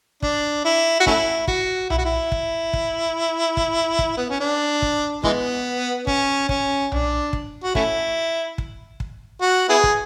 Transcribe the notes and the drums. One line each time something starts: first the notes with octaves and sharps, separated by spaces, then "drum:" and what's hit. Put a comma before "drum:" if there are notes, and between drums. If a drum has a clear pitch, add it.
D4, drum: kick
E4
F#4
A3 C#4 E4, drum: kick
F#4, drum: kick
E4, drum: tom B1
F#4
E4
drum: kick
drum: kick
drum: kick
drum: kick
B3
C#4
D4
drum: kick
E3 G#3 B3, drum: kick
C#4, drum: kick
C#4, drum: kick
D4, drum: tom B1
drum: kick
F#4
A3 C#4 E4, drum: kick
drum: kick
drum: kick
F#4
B3 E4 G#4
drum: kick